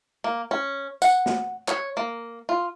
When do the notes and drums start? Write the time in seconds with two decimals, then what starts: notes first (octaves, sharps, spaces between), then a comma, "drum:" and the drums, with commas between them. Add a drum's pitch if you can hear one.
0.24 A#3
0.51 C#4
1.02 F#5, drum: tambourine
1.26 drum: snare
1.68 C#5, drum: clap
1.97 A#3
2.49 F4